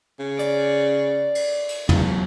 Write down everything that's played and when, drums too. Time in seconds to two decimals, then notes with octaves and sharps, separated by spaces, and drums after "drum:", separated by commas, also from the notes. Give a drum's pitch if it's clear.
0.19 C#3
0.39 D5, drum: hi-hat
1.35 drum: cymbal
1.69 drum: cymbal
1.89 E2 F#3 F4, drum: tom